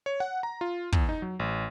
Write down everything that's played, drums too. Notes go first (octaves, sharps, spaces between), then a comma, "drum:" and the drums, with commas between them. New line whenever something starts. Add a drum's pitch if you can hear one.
C#5
F#5
A#5
F4
E2, drum: kick
D#4
F#3
A1